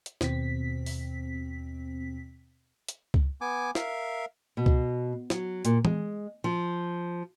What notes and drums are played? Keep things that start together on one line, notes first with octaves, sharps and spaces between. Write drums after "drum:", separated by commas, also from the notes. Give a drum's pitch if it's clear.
drum: hi-hat
D#2 B2 C4 B6, drum: snare
drum: open hi-hat
drum: hi-hat
drum: kick C#2
B3 G#5 D6
A#4 E5 F5, drum: snare
B2
drum: kick C#2
F#3, drum: snare
A#2, drum: hi-hat
G#3, drum: tom E3
F3